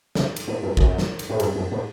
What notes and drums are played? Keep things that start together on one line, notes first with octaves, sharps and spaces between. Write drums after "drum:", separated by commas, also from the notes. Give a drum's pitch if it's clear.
C#3, drum: snare
drum: cymbal
A2
G2
F#2, drum: kick
drum: snare
drum: cymbal
A2
G2, drum: cymbal
F#2
A2